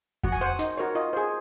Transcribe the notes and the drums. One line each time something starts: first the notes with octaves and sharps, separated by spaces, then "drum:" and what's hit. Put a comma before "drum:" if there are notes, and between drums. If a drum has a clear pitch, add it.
F#4 F#5, drum: kick F2
G#5
C5 F#5
D#4, drum: hi-hat
F#4 A#4 C#5
F4 D#5
G#4 C5